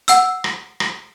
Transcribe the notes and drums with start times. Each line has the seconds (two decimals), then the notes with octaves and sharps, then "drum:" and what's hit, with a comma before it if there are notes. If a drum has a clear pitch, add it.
0.08 F#5 E6, drum: hi-hat
0.44 drum: rim click
0.80 drum: rim click